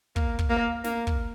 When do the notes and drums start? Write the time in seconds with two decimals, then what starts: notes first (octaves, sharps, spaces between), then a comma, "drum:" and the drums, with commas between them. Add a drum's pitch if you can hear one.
0.16 A#3, drum: kick
0.39 drum: kick
0.50 A#3
0.84 A#3, drum: snare
1.07 drum: kick